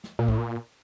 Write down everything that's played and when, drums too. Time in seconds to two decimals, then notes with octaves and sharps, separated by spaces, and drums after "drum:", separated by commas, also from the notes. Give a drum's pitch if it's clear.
0.04 drum: snare
0.19 A#2
0.28 A2, drum: kick
0.38 A#2